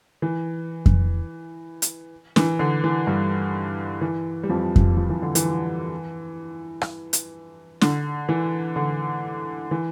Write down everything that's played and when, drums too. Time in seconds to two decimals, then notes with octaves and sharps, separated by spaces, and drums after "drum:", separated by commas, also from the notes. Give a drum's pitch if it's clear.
0.22 E3
0.86 drum: kick F2
1.82 drum: hi-hat
2.36 E3, drum: snare
2.59 D3
2.84 E3
3.07 G2 G3
4.01 E3
4.43 G3
4.49 F2 F3
4.76 drum: kick F2
4.97 F3
5.10 E3
5.22 D3
5.35 E3, drum: hi-hat
6.81 drum: rim click
7.13 drum: hi-hat
7.81 D3, drum: snare
8.29 E3
8.76 D3
9.71 E3